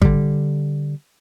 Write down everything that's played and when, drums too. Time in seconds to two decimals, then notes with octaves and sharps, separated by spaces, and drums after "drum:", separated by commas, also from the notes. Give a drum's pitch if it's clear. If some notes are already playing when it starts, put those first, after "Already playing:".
0.02 D3 G3, drum: kick